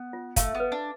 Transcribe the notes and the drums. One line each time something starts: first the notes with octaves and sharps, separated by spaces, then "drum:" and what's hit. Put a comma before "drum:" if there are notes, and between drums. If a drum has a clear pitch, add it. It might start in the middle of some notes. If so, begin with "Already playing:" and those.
Already playing: B3
F4
A3 F5, drum: kick, hi-hat
B3
B4
D4